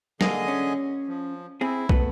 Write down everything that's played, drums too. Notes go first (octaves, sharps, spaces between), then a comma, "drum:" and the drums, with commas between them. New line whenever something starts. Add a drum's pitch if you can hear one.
D3 A#3 G#4 D#5, drum: snare
C#4
F3
C4 E4 G#4
A3 B3 B4, drum: kick